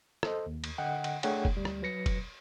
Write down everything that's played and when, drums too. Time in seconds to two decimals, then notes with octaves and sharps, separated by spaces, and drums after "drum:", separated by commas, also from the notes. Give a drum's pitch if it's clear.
0.23 A4 C5 D#5, drum: rim click
0.46 D#2
0.64 drum: cymbal
0.78 D3 D#5 F#5 G5
1.04 drum: cymbal
1.23 A3 D4 G#4 C#5 F#5 G5, drum: cymbal
1.45 drum: kick F1
1.55 D2 G3
1.65 drum: rim click
1.82 F#3 B4 A#6 C#7
2.06 drum: kick F1, cymbal